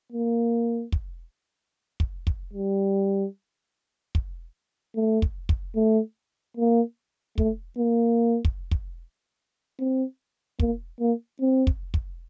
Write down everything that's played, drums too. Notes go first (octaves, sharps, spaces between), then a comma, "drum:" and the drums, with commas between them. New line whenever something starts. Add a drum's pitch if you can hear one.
A#3
drum: kick
drum: kick
drum: kick
G3
drum: kick
A3
drum: kick
drum: kick
A3
A#3
A3, drum: kick
A#3
drum: kick
drum: kick
C4
A#3, drum: kick
A#3
C4
drum: kick
drum: kick